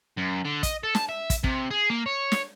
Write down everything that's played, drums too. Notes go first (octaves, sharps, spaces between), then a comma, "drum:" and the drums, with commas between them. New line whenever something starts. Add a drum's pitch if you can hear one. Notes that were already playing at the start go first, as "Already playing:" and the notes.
F#2
D3
D#5, drum: kick, hi-hat
A4
A5, drum: snare
E5
drum: kick, hi-hat
C3, drum: kick
G#4
A#3
C#5
drum: snare